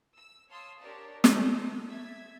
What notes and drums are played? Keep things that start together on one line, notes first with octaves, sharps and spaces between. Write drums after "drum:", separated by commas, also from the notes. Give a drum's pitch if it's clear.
E6
C#5 F5 A5 C6 D#6 E6
D4 G4 A#4 C#5 D5 A5
A5 D#6 G6, drum: snare
E5 E6 G#6 A6 B6